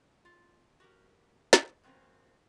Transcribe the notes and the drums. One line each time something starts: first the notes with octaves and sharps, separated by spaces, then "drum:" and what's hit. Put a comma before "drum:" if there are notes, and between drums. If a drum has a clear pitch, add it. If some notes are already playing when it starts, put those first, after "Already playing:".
F4
F#4 G4 A#4
drum: snare
B2 F3 C4 C#4 A#4